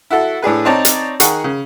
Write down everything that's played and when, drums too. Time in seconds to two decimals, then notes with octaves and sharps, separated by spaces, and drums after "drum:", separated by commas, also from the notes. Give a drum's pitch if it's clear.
0.10 E4 F#4 A4
0.42 A2 D4 G#4 B4
0.65 C4 D#4 C#5 D5 A5 A#5
0.85 drum: hi-hat
1.20 D#3 G#4 F#5 C#6, drum: hi-hat
1.44 C#3